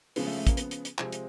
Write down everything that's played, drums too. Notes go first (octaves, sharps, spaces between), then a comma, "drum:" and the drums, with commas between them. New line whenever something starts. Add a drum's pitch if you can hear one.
C#3 F3 G#3 B3, drum: open hi-hat
A3
A3
A#3, drum: kick, hi-hat
B3, drum: hi-hat
drum: hi-hat
drum: hi-hat
C3 F3 G#3 C4, drum: clap
drum: hi-hat